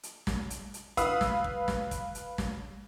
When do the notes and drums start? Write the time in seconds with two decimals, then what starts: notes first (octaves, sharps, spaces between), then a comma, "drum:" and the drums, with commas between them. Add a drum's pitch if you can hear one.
0.03 drum: hi-hat
0.27 drum: snare
0.50 drum: hi-hat
0.74 drum: hi-hat
0.97 B4 F5 D#6 E6, drum: kick, hi-hat
1.21 drum: snare
1.44 drum: kick
1.68 drum: snare
1.91 drum: kick, hi-hat
2.15 drum: hi-hat
2.38 drum: snare